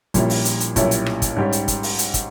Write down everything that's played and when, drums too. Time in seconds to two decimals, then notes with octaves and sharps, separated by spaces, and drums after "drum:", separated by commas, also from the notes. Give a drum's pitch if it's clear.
0.14 A#1 A#2 G3 C#4 E4, drum: kick, hi-hat
0.30 drum: open hi-hat
0.45 drum: hi-hat
0.60 drum: hi-hat
0.76 B1 A#2 G3 C#4 E4, drum: kick, hi-hat
0.91 drum: hi-hat
1.06 drum: rim click
1.22 drum: kick, hi-hat
1.37 G#2 G3 C#4 G4
1.52 drum: hi-hat
1.68 drum: kick, hi-hat
1.83 drum: open hi-hat
1.98 drum: hi-hat
2.14 drum: kick, hi-hat